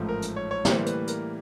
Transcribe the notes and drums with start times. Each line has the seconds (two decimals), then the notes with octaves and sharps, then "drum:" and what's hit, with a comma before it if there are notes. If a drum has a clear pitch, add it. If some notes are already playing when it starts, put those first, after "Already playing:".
Already playing: A1 G#2 F3 A3
0.09 A#4
0.22 drum: hi-hat
0.36 C#5
0.51 C#5
0.65 A2 E3 G3 A#3 C5, drum: snare
0.86 B4, drum: hi-hat
1.07 A#4, drum: hi-hat